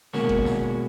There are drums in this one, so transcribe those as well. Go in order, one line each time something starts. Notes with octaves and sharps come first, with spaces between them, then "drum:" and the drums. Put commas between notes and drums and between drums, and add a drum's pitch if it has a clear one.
B2 G#3 A#3 C#4 F#4 C#5, drum: snare
drum: kick G1
drum: snare